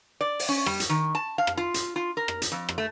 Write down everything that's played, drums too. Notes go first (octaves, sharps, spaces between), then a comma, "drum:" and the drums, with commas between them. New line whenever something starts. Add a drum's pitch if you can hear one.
D5
drum: open hi-hat
C#4
G3, drum: rim click
drum: hi-hat
D#3
A5
F5
drum: rim click
F4
drum: hi-hat
F4
A#4
drum: rim click
drum: hi-hat
F2
drum: rim click
A3